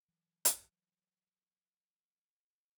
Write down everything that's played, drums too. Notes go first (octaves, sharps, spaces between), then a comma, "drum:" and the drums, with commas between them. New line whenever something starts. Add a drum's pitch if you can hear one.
E3 F#3
drum: hi-hat